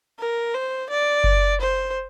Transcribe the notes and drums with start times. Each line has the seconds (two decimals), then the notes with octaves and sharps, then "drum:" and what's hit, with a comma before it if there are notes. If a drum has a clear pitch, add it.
0.19 A#4
0.54 C5
0.90 D5
1.24 drum: kick F#1
1.61 C5